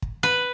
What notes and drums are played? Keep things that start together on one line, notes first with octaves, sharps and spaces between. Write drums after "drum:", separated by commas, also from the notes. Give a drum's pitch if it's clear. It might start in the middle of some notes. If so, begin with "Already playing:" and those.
drum: kick
B4